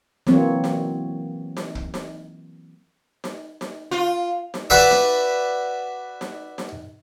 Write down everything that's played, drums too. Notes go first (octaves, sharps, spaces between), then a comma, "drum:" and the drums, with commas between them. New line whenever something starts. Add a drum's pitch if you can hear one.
E3 F#3 A#3 C4 C#5, drum: snare D#4
drum: snare D#4
drum: snare D#4
drum: kick
drum: snare D#4
drum: snare D#4
drum: snare D#4
F4
drum: snare D#4
F#4 B4 D5 E5, drum: kick
drum: snare D#4
drum: snare D#4
drum: snare D#4